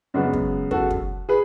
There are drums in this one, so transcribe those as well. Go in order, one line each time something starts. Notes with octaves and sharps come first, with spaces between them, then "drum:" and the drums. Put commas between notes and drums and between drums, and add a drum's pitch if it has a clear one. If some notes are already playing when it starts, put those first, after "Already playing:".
F#2 C#3 G#3 B3 D4 F#4
drum: kick
F#4 A4, drum: kick
drum: kick
G#4 B4